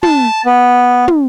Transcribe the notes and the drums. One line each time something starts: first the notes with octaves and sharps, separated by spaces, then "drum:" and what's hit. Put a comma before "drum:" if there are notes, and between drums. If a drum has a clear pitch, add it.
A5, drum: tom
B3
drum: tom